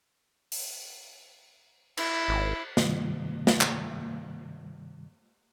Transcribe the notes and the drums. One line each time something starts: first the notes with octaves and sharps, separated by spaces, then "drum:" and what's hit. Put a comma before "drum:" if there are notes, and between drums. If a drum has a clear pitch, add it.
drum: open hi-hat
E4, drum: cymbal
G#1
G2 C3 D#3 G3, drum: snare
drum: snare
drum: clap